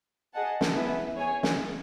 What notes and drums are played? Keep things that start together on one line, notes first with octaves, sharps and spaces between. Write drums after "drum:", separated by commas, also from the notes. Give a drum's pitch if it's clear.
G#4 D#5 F#5 A5
drum: snare
B3 E4 G#4 B4 E5
G#4 C#5 G#5
drum: snare